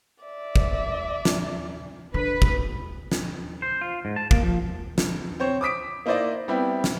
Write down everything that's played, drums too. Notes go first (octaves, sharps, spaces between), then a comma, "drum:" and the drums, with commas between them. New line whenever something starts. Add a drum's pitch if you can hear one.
D5 E5
drum: kick
drum: snare
D3 B4
drum: kick
drum: snare
C5
F4
G#2
A5
A#3, drum: kick
F3
drum: snare
C4 C5 C#5
D6 D#6 B6 D7
A#3 D#4 E4 C5 D5 D#5
G3 B3 C4 E4 G4
drum: snare